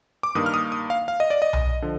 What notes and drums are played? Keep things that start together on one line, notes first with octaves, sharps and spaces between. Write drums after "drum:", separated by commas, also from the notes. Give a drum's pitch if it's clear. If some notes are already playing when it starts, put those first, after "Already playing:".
D6
G2 D#3 A#3 D#6
F6
D#6
D#6
F5
F5
D#5
D5
D#5
drum: tom B1
D3 F3